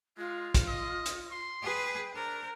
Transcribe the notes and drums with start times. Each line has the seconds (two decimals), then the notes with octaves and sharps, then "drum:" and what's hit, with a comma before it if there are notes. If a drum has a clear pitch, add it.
0.17 G#3 F4
0.54 drum: kick, hi-hat
0.68 D#5
1.06 drum: hi-hat
1.31 C6
1.62 G#4 B4 G5
2.15 D4 A#4 C5